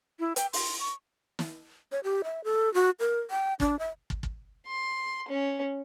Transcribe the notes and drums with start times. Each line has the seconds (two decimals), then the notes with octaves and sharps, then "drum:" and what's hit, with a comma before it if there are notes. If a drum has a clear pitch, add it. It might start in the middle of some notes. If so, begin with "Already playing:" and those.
0.20 E4
0.36 G5, drum: hi-hat
0.53 C6, drum: open hi-hat
0.79 C#6
1.39 drum: snare
1.92 C#5
2.04 G4
2.24 E5
2.44 A4
2.74 F#4
3.00 A#4
3.31 G5
3.60 D4, drum: kick
3.79 E5
4.10 drum: kick
4.23 drum: kick
4.67 C6
5.28 C#4